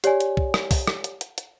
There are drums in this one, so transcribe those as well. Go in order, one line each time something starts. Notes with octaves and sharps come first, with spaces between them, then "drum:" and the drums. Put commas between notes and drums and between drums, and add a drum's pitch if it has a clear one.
G4 C#5 D5 G#5, drum: hi-hat
drum: hi-hat
drum: kick
drum: rim click
drum: kick, open hi-hat
drum: rim click
drum: hi-hat
drum: hi-hat
drum: hi-hat